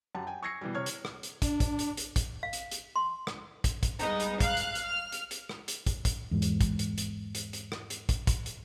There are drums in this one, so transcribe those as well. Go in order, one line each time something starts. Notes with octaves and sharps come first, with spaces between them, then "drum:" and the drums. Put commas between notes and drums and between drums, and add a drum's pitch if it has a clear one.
F#2 G4 F#5 A5
G5 G#5
C#6 E6 G#6 A#6 C7 C#7
B2 E3 G3
C3 C#5 C#6 F6 G#6
drum: hi-hat
drum: rim click
drum: hi-hat
D4, drum: kick, hi-hat
drum: kick, hi-hat
drum: hi-hat
drum: hi-hat
drum: kick, hi-hat
F5
drum: hi-hat
drum: hi-hat
C6
drum: rim click
drum: kick, hi-hat
drum: kick, hi-hat
G3 G#3 B3 D#4, drum: hi-hat
drum: hi-hat
F5 F#6, drum: kick, hi-hat
drum: hi-hat
drum: hi-hat
F6
drum: hi-hat
drum: hi-hat
drum: rim click
drum: hi-hat
drum: kick, hi-hat
drum: kick, hi-hat
E2 G#2
drum: hi-hat
drum: kick, hi-hat
drum: hi-hat
drum: hi-hat
drum: hi-hat
drum: hi-hat
drum: rim click
drum: hi-hat
drum: kick, hi-hat
drum: kick, hi-hat
drum: hi-hat